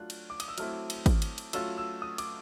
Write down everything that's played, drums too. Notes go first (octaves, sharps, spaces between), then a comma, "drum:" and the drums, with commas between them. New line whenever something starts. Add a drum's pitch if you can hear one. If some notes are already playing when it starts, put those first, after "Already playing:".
Already playing: F#3 A3 D4 F4 F#6
drum: cymbal
D6
D#6, drum: cymbal
E6
F#3 A3 C4 E4 F6, drum: cymbal
drum: cymbal
drum: kick, cymbal
drum: cymbal
drum: cymbal
F#3 A3 C#4 F4 E6, drum: cymbal
E6
D#6
D6, drum: cymbal